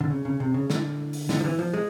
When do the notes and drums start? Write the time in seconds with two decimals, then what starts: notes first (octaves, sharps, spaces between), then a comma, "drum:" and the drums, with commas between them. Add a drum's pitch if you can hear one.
0.01 D3
0.10 C#3
0.25 C#3
0.40 C3
0.54 C#3
0.70 D3, drum: snare
1.13 drum: open hi-hat
1.29 D3, drum: snare
1.40 F3
1.45 E3
1.59 F3
1.73 G#3